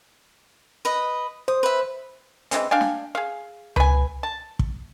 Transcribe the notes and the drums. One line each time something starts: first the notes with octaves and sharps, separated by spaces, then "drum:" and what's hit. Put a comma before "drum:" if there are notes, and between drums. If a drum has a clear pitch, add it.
B4 D#5
C5 D#6
B4 E5
E3 G#3 C4 C#4, drum: hi-hat
D4 F5 G5 G#5
drum: snare
G#4 F5
B4 G#5, drum: tom C#2
A5
drum: kick